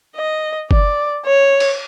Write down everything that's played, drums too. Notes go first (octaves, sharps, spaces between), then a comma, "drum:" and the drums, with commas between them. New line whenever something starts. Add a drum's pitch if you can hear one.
D#5
D5, drum: kick F#1
C#5
drum: cymbal